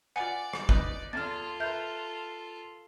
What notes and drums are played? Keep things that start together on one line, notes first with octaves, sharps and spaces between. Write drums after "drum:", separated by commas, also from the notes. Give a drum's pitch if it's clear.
F4 B4 D5 F#5 G#5 D6 C#7
drum: rim click
D#4 B4, drum: kick G#1
E2 F4 A4 F6 A6
A#4 B4 E5 G6